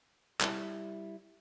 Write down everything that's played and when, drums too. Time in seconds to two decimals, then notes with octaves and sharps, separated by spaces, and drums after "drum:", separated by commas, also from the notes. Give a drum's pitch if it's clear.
0.41 G3 E4, drum: clap